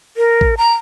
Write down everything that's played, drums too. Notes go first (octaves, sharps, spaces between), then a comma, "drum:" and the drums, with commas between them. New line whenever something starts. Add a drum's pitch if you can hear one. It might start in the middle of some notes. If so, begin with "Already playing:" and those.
A#4
drum: kick A1
A#5